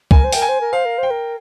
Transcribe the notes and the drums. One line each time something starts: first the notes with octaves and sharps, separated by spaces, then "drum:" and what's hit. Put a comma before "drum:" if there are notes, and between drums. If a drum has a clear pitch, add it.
A#4 G#5, drum: kick C#2
C5
A#4 G5, drum: open hi-hat
G#5
C5
A#4
C5 F5
A#4
C5 G5
A#4